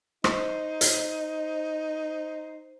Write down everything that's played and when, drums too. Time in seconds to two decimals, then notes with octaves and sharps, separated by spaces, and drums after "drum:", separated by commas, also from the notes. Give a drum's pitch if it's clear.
0.24 D#4 C5, drum: rim click
0.81 drum: hi-hat